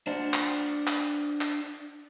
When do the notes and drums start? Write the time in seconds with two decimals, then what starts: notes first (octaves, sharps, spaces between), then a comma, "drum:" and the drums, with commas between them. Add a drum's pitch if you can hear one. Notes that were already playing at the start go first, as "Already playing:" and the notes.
0.07 D4 C5 F#5
0.34 drum: clap
0.87 drum: clap
1.41 drum: clap